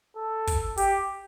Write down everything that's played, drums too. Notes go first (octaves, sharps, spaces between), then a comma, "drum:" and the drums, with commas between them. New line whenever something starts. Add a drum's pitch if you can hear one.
A4
drum: kick, hi-hat
G4, drum: hi-hat